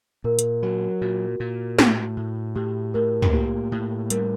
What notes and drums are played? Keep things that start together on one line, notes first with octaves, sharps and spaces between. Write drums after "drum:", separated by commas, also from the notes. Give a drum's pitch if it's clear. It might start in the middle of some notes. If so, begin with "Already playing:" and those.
A#2 A#4
drum: hi-hat
F#3 F#4
A#2 F#4
A#2
A2, drum: snare
A2
A2 G4
A2 A#4
drum: tom
A#3 G4
A2
G3 A#4, drum: hi-hat